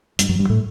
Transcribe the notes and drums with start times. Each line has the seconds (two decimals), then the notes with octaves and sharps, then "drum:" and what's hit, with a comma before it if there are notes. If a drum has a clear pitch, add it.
0.19 G2 G3, drum: hi-hat
0.29 F#2 F#3
0.39 G2 G3
0.50 A2 A3